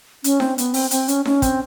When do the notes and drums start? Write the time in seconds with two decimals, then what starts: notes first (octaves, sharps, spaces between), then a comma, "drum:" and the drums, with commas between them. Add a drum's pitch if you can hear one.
0.24 C#4, drum: hi-hat
0.40 C4, drum: snare D#4
0.58 B3, drum: hi-hat
0.74 C4, drum: open hi-hat
0.91 C4, drum: hi-hat
1.08 C#4, drum: hi-hat
1.25 C#4, drum: snare D#4
1.42 C4, drum: kick, hi-hat